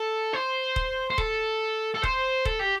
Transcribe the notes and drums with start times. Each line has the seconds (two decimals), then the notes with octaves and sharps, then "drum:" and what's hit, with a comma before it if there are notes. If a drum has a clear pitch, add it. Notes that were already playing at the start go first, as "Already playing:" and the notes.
Already playing: A4
0.33 C5
0.76 drum: kick
1.10 C5
1.18 A4, drum: kick
1.94 A4
2.03 C5, drum: kick
2.45 A4, drum: kick
2.60 G4